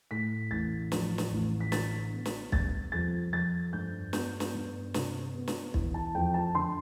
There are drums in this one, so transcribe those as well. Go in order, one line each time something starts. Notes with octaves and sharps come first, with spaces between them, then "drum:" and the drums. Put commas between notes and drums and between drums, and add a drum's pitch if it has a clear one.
A2 B6
A1 A6
F3, drum: snare
drum: snare
A1
B6
D3 A6, drum: snare
B3
drum: snare
G3 A6, drum: kick
F2 A6
F3 A6
G2 G6
B3 G6, drum: snare
drum: snare
G2
C3, drum: snare
B3
drum: snare
E3, drum: kick
A5
F2 G5
A5
D3 C6